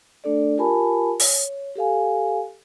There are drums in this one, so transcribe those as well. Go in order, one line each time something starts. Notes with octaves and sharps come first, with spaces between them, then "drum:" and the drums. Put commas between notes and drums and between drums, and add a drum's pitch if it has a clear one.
A3 D4 A4 D5
F4 G4 A#4 G#5 A5 B5
C#5, drum: open hi-hat
G4 A4 F5 G#5